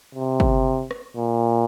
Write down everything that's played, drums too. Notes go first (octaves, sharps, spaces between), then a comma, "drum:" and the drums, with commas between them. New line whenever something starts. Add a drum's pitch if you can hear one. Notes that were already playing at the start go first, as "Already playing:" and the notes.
C3
drum: kick
drum: rim click
A#2